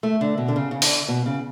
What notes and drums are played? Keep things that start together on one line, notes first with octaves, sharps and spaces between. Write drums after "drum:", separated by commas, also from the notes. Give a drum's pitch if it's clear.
A3
D3
B2
D3
C#3
C#3
D3, drum: open hi-hat
B2
C#3